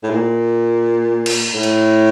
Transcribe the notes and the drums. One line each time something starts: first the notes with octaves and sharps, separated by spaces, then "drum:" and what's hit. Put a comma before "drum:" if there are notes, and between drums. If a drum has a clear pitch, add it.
A2
A#2
drum: cymbal
A2
drum: hi-hat